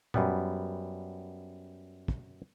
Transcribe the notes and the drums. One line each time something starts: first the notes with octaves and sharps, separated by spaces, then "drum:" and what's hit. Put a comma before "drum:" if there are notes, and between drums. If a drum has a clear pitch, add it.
F#2 G3 B3, drum: tom
drum: kick